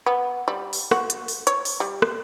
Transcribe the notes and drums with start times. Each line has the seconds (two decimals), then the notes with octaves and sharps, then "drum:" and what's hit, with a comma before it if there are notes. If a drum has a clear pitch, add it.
0.06 B3
0.48 G3
0.73 drum: open hi-hat
0.91 F#4, drum: rim click
1.10 drum: hi-hat
1.28 drum: open hi-hat
1.47 C#5, drum: hi-hat
1.65 drum: open hi-hat
1.80 G3
2.02 drum: rim click